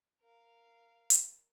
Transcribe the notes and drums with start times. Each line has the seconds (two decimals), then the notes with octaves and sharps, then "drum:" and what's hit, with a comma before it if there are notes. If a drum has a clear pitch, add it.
0.21 A#4 F5
1.10 drum: hi-hat